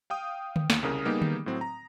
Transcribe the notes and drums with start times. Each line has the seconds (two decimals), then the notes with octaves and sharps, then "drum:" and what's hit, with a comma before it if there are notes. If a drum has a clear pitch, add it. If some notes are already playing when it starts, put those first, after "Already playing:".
0.10 F5 G5 D#6
0.56 drum: tom D3
0.70 D#2, drum: snare
0.83 C2 C#3 A#4 D#6
1.05 G3 A#3 B3 D#4 G4 G#4
1.22 drum: tom D3
1.46 A2 F#3 C4
1.61 A#5